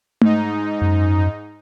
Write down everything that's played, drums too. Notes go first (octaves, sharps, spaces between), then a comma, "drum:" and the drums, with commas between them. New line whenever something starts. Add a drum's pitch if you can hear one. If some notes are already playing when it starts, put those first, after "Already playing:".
G#2 D#4, drum: tom A3
F#2